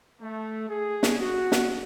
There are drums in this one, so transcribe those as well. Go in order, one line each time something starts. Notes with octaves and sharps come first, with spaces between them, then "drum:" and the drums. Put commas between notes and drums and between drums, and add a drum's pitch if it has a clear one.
A3
G#4
drum: snare
F#4
drum: snare